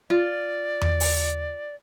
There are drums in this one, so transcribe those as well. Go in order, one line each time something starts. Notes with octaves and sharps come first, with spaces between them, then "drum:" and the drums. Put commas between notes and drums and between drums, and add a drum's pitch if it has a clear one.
F4 D5
drum: tom E2
drum: open hi-hat